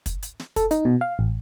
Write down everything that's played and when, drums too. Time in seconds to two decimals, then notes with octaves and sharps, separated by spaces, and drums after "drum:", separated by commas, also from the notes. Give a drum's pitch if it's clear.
0.06 drum: kick, hi-hat
0.23 drum: hi-hat
0.40 drum: snare
0.56 A4, drum: kick, hi-hat
0.71 D#4, drum: hi-hat
0.85 B2
1.01 F5
1.19 A1